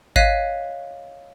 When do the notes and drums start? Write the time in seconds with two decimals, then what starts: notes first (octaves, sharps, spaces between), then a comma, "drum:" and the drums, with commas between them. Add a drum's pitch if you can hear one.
0.16 C#5 D#5 F5 F#6 B6 D#7, drum: kick G#1